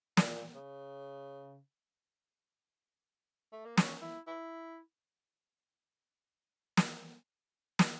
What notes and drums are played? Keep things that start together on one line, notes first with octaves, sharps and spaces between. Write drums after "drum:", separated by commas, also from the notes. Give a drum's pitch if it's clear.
A#2, drum: snare
C#3
A3
A#3
C#4, drum: snare
E4
E4
drum: snare
drum: snare